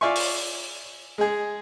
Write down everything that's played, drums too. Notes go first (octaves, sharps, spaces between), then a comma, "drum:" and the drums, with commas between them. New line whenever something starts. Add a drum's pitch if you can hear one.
F4 D5 E5 G#5 C#6
drum: open hi-hat
G#3 G#4